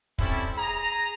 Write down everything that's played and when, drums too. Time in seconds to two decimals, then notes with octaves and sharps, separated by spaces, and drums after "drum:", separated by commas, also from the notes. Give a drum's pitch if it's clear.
0.18 G3 C4 C#4 E4 A4, drum: kick
0.57 G#4 A#5